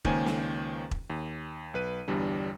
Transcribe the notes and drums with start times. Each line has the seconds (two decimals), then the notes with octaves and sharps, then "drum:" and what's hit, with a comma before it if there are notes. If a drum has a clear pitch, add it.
0.05 C#2 D#3 A#3 C#4 C5 G#5, drum: kick E1
0.26 drum: snare
0.91 drum: kick E1
1.10 D#2
1.74 B1 B4 D#7
2.08 G1 E2 G3 D4